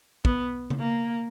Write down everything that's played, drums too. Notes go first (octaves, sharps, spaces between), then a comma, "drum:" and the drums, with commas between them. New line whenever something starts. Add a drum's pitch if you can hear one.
B3, drum: kick
drum: tom C#3
A#3